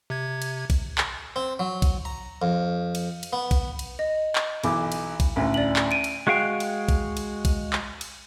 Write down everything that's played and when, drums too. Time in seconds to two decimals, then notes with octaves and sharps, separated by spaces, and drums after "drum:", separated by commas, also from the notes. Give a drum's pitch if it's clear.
0.10 C3 G#6
0.42 drum: cymbal
0.70 drum: kick A#1, cymbal
0.98 drum: clap
1.36 C4
1.59 F#3
1.82 drum: kick A#1, cymbal
2.05 A#5
2.42 F2
2.95 drum: cymbal
3.23 drum: cymbal
3.33 B3
3.51 drum: kick A#1, cymbal
3.79 drum: cymbal
3.99 D#5
4.35 drum: clap
4.64 B1 E3 D6, drum: cymbal
4.92 drum: cymbal
5.20 drum: kick A#1, cymbal
5.36 A1 D2
5.54 D5 F#7
5.76 drum: clap
5.91 D7 D#7
6.04 drum: cymbal
6.27 G#3 F#4 G#4 F5 G5
6.60 drum: cymbal
6.89 drum: kick A#1, cymbal
7.17 drum: cymbal
7.45 drum: kick A#1, cymbal
7.73 drum: clap
8.01 drum: cymbal